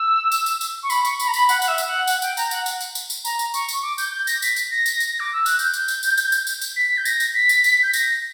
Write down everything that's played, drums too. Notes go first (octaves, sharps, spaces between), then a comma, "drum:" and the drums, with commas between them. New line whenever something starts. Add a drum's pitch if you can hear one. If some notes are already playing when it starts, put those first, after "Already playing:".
Already playing: E6
drum: tambourine
drum: tambourine
drum: tambourine
C#6
B5, drum: tambourine
C#6, drum: tambourine
B5, drum: tambourine
A#5
B5, drum: tambourine
F#5, drum: tambourine
F#5, drum: tambourine
E5
drum: tambourine
F#5
F#5, drum: tambourine
G5, drum: tambourine
A#5, drum: tambourine
F#5, drum: tambourine
drum: tambourine
drum: tambourine
drum: tambourine
drum: tambourine
A#5, drum: tambourine
drum: tambourine
C#6, drum: tambourine
drum: tambourine
D6
G6, drum: tambourine
G6
A#6, drum: tambourine
B6, drum: tambourine
drum: tambourine
A#6
drum: tambourine
drum: tambourine
D6
E6
F#6, drum: tambourine
G6, drum: tambourine
drum: tambourine
drum: tambourine
drum: tambourine
drum: tambourine
drum: tambourine
drum: tambourine
drum: tambourine
B6
G6
A#6, drum: tambourine
drum: tambourine
B6
drum: tambourine
drum: tambourine
G6
A#6, drum: tambourine